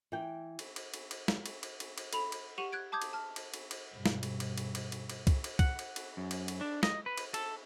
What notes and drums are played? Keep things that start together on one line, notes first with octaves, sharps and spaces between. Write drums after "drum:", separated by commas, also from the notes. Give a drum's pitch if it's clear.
E3 G5
drum: cymbal
drum: cymbal
drum: cymbal
drum: cymbal
drum: snare
drum: cymbal
drum: cymbal
drum: cymbal
drum: cymbal
A4 B5 F7, drum: cymbal
drum: cymbal
G4 F#5 C#6 D#7 F7 F#7
F#6 G#6 D7
A5 D6 D#6 G6 G#6
drum: cymbal
A5 F6
drum: cymbal
drum: cymbal
drum: cymbal
G2 B2
drum: snare
drum: cymbal
drum: cymbal
drum: cymbal
drum: cymbal
drum: cymbal
drum: cymbal
drum: kick C2, cymbal
drum: cymbal
F#5, drum: kick C2, cymbal
drum: cymbal
drum: cymbal
F#2
drum: cymbal
drum: cymbal
D4
D#5, drum: snare
B4
drum: cymbal
A4, drum: cymbal